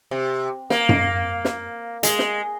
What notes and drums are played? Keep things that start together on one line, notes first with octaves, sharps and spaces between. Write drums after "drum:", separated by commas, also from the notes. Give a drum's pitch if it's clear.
C3
A#3, drum: snare
drum: tom F#2
drum: snare
G#3, drum: hi-hat
drum: snare